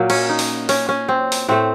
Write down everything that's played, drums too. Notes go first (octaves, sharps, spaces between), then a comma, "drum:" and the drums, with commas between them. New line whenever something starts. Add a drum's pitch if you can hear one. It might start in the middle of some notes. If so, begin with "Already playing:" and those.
Already playing: A#2 F#3 A#3
C#4, drum: cymbal
D#4
drum: open hi-hat
C#4, drum: open hi-hat
C#4
C4
drum: open hi-hat
A2 A3 C4